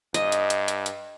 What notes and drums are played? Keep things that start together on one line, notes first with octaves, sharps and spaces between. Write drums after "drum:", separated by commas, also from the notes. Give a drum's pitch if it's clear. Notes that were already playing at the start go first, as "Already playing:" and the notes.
G2 D#5, drum: hi-hat
drum: hi-hat
drum: hi-hat
drum: hi-hat
drum: hi-hat